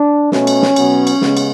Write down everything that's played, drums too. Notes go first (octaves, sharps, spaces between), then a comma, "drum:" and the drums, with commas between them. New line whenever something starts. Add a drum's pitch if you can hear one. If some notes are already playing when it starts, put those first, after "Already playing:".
Already playing: D4
B2 A3 C#4, drum: snare
drum: cymbal
drum: snare
B2 F#3 B3, drum: cymbal
drum: cymbal
C#3 G#3 B3, drum: snare
drum: cymbal